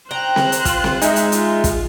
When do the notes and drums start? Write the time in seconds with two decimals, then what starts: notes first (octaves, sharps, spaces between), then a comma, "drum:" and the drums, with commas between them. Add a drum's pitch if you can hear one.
0.11 C5 G5 A#5 F#6
0.36 drum: snare C4
0.52 drum: hi-hat
0.65 F4, drum: kick, hi-hat
0.84 drum: snare C4
1.02 G#3 D#4 E5, drum: hi-hat
1.16 drum: hi-hat
1.32 F4, drum: hi-hat
1.64 drum: kick, hi-hat